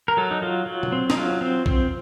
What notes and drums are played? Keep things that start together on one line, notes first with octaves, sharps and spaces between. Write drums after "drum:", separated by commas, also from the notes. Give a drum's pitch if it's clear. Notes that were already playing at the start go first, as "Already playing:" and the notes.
A#4
F#3 A4
D#4
F#3 F4
F#3
drum: tom B2
C4
D#4, drum: snare
F#3 F4
C4
C4, drum: kick B1